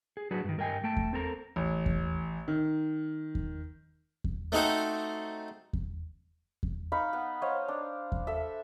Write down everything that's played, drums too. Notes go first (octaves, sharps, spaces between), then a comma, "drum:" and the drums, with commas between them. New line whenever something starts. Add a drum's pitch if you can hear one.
G#4
F#3 D4 F#4 G#4 B4
G2 D#3
G2 A#4 D#5 G5 G#5
A3 G5 A5
drum: kick E2
C4 A4 A#4 A#5
A1
drum: kick E2
D#3
drum: kick E2
drum: kick E2
A3 C4 D#4 F#4 A4 C5
drum: kick E2
drum: kick E2
D#4 F5 B5 C#6
B3 F#5
C5 C#5 D#5 F5
D4
drum: kick E2
A4 E5